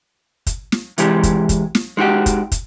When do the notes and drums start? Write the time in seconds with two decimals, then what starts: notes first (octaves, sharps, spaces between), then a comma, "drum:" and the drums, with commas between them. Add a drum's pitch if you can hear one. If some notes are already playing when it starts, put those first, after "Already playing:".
0.47 drum: kick, hi-hat
0.72 drum: snare
0.98 C3 E3 G#3 G4, drum: hi-hat
1.23 drum: kick, hi-hat
1.49 drum: kick, hi-hat
1.75 drum: snare
1.97 G#3 D#4 F#4 G4
2.26 drum: kick, hi-hat
2.52 drum: kick, hi-hat